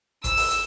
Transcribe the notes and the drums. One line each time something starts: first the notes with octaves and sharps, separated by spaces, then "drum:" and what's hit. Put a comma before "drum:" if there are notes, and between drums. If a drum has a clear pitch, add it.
E6, drum: kick G1, hi-hat
drum: open hi-hat
drum: hi-hat